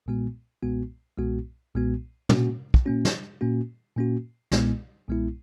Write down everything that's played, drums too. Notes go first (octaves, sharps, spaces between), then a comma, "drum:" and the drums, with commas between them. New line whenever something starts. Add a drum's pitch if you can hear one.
B1 A#2 G#3 B3 F#4
B1 A#2 G#3 B3 F#4
B1 A#2 G#3 B3 F#4
B1 A#2 G#3 B3 F#4
A#2 A#3 C#4 F#4, drum: tom
drum: kick
A#2 A#3 C#4 F#4
drum: snare
A#2 A#3 C#4 F#4
A#2 A#3 C#4 F#4
B1 A#2 G#3 B3 E4, drum: snare
B1 A#2 G#3 B3 E4